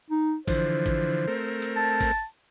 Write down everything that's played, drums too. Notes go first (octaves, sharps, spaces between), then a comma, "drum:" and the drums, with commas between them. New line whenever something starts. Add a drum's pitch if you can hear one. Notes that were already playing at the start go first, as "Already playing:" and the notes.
D#4
D3 E3 F3 C5, drum: kick A1, open hi-hat
drum: kick A1, hi-hat
A3 C4 A#4
drum: hi-hat
A5
drum: kick A1, open hi-hat